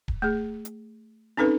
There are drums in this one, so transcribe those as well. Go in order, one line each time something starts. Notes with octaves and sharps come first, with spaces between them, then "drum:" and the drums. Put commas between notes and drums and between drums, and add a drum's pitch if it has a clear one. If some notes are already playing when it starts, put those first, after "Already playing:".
drum: kick D1
A3 G#4
drum: hi-hat
C4 C#4 D#4 A4 B4